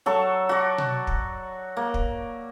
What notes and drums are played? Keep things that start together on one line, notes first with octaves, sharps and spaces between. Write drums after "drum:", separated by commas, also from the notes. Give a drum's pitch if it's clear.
F#3 A4 C#6
F#4 D5
drum: tom B2
drum: kick
A#3
drum: kick